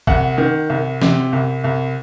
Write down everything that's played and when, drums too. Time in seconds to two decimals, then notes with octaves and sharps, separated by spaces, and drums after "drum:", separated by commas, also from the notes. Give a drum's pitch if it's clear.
0.07 C2 F#5, drum: kick
0.38 D#3
0.70 C2
1.02 C3, drum: snare
1.33 C2
1.64 C2